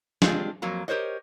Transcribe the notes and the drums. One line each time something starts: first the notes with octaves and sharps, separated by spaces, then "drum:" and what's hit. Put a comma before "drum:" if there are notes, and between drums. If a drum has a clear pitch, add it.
G#3 C4 D4 F4 G4 G#4, drum: snare
F2 F#3 A#3 A#5
G4 A#4 C5 C#5 D#5